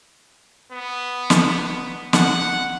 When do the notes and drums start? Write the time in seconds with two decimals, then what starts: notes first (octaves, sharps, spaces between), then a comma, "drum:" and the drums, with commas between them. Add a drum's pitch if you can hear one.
0.72 B3
1.30 drum: snare
2.13 F#5, drum: snare